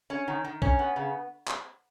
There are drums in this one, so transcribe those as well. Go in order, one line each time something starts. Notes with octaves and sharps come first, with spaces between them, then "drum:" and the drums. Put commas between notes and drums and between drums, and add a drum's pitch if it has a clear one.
C#4
D#3
D#3
C#4, drum: kick B1
B3
C#3
drum: clap